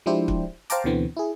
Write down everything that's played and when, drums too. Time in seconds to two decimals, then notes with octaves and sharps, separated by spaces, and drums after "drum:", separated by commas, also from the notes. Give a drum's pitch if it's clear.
0.06 F3 G#3 D4 E4 G4 C5
0.28 drum: kick
0.70 C5 F5 G5 A5 A#5 D6, drum: hi-hat
0.84 D2 B2 D3 E3 B3 C4
1.17 E4 G#4